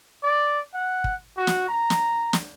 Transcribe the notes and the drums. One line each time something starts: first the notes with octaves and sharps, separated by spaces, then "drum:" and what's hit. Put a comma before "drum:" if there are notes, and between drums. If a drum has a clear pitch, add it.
D5
F#5
drum: kick
F#4
drum: snare
A#5
drum: snare
drum: snare